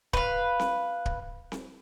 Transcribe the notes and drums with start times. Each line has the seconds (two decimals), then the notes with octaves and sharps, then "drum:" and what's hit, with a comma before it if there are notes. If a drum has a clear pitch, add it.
0.13 B4 F5, drum: kick D1
0.59 drum: snare C4
1.06 drum: kick D1
1.52 drum: snare C4